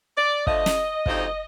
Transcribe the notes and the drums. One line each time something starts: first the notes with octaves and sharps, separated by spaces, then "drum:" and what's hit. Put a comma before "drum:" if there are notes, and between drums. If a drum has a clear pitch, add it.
D5
D3 F3 A3 D#5, drum: kick
drum: snare
D2 C3 F3 C4 D#4, drum: kick